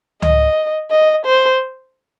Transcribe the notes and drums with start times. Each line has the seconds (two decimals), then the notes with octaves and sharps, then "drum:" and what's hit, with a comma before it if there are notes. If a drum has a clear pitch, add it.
0.22 D#5, drum: tom C#2
0.91 D#5
1.25 C5